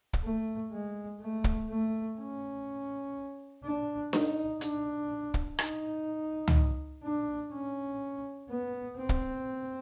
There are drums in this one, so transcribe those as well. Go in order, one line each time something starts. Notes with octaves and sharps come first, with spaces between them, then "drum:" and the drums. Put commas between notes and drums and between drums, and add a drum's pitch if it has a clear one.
drum: kick
A3
G#3
A3
drum: kick
A3
C#4
D4
D#4, drum: snare D4
D4, drum: hi-hat
drum: kick
D#4, drum: rim click
drum: tom C#2
D4
C#4
B3
C4
drum: kick